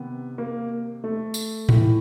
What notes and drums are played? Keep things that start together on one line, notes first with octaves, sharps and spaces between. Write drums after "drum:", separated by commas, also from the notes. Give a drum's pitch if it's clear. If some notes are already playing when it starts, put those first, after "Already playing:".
Already playing: C3 D#3 B3
A#3
A3
drum: tambourine
A2 E3, drum: tom A2